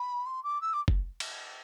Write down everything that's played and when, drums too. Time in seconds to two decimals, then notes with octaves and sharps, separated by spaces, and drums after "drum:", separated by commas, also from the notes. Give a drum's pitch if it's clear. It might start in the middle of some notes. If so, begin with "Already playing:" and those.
Already playing: B5
0.26 C6
0.43 D6
0.61 E6
0.73 D6
0.88 drum: kick
1.20 drum: cymbal